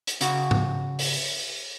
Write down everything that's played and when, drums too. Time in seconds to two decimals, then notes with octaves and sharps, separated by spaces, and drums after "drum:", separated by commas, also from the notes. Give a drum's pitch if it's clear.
0.07 drum: hi-hat
0.21 C#3 F#4, drum: hi-hat
0.51 drum: tom G#2
0.99 drum: open hi-hat